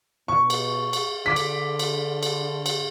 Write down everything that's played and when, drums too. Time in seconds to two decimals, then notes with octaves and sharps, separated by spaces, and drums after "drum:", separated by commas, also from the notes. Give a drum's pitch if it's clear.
0.28 B2 C#6
0.50 drum: cymbal
0.93 drum: cymbal
1.26 D3 D6 B6
1.36 drum: cymbal
1.79 drum: cymbal
2.23 drum: cymbal
2.66 drum: cymbal